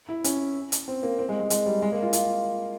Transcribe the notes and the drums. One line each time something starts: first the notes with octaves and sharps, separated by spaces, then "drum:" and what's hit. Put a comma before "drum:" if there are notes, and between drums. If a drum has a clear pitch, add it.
E4
C#4, drum: hi-hat
drum: hi-hat
C4
A#3
C4
G#3
G#3
G#3, drum: hi-hat
G3
G#3
A#3
F4
F4, drum: hi-hat